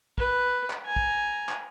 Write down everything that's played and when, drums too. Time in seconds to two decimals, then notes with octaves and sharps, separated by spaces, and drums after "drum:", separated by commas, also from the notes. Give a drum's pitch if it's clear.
0.18 B4, drum: kick
0.70 drum: clap
0.85 G#5 A#5
0.96 drum: kick
1.49 drum: clap